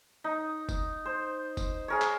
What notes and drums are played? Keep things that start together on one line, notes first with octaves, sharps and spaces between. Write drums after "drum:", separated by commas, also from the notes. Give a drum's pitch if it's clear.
D#4
drum: kick F#1, tambourine
C5
drum: kick F#1, tambourine
G#4 A#4 C#5
drum: clap